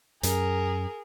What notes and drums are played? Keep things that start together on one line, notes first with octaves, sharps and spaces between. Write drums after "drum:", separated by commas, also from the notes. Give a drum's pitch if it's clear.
F#2 C#4 G#4 A#4, drum: hi-hat